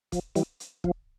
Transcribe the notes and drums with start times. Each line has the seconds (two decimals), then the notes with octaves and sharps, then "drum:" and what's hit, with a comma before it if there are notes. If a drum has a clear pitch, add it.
0.12 F3, drum: kick, hi-hat
0.36 E3 G3, drum: hi-hat
0.60 drum: hi-hat
0.84 F3, drum: kick